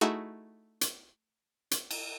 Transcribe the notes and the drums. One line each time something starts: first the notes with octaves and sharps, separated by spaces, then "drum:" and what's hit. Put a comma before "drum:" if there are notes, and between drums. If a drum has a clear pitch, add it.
A3 D#4 E4 F#4 G#4
drum: hi-hat
drum: hi-hat
drum: cymbal